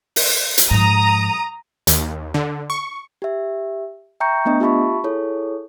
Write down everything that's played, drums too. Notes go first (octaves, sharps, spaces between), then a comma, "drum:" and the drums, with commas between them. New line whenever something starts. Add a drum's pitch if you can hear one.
drum: open hi-hat
drum: hi-hat
G#2 F3 A#5 D#6
D#2, drum: hi-hat
D3
C#6
G4 E5
E5 G5 A#5 C#6 G6 C#7
A3 B3 D4 D#5
F4 G4 E5 A5 B5 C#6
E4 G#4 A4 C#5